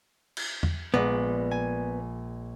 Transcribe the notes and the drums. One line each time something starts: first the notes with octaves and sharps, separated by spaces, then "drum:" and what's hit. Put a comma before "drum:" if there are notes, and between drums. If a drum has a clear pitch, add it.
drum: cymbal
drum: tom E2
A#1 G#3 B3 D5
G#5